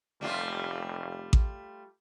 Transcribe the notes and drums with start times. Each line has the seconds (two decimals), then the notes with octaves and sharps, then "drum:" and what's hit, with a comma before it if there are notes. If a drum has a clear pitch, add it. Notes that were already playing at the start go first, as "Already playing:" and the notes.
0.21 F1 G3 A3 F4
1.33 drum: kick A1